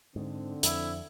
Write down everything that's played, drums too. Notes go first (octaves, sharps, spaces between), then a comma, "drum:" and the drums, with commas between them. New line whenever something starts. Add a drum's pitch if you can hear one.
G#2 D3 C4
F2 E4, drum: hi-hat